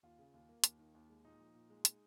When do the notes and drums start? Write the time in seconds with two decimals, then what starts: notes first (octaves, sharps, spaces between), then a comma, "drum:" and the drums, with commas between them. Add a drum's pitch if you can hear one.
0.03 D#2 F4
0.19 C#3
0.34 D#2
0.49 A#3
0.64 D#2, drum: hi-hat
0.79 D#3
0.95 D#2
1.09 G#3
1.24 A#2 D#4
1.40 F3
1.55 A#2
1.70 G#3
1.85 drum: hi-hat